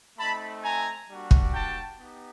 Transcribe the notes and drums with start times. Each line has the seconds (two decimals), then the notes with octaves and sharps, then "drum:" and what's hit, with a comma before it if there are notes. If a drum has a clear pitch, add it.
0.17 A3 C4 D#4 A5 B5
0.62 G#5 A#5
1.08 G3 A#3 D4 F#4
1.31 drum: kick
1.53 G5 A5
1.99 B3 D#4 G4